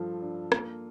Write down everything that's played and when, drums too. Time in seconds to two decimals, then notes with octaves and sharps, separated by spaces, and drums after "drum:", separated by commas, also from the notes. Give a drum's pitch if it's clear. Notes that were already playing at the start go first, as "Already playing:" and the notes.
Already playing: G2 F3 F4 A4
0.22 D4
0.52 A#3, drum: rim click